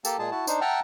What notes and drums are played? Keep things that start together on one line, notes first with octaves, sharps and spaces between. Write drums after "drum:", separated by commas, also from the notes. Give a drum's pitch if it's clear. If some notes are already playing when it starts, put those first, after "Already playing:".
A#3 G4 A4 A5, drum: tambourine
A#2 G#3 G#4 A5
E4 F#4 A5
D4 D#4 C5, drum: tambourine
E5 F#5 G5 A5 A#5 F6